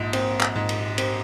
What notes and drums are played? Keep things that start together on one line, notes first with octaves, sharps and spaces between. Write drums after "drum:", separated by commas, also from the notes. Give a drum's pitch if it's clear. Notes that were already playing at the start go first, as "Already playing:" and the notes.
Already playing: A#1 G#2
C4, drum: cymbal
drum: clap
G#2
drum: cymbal
C4, drum: cymbal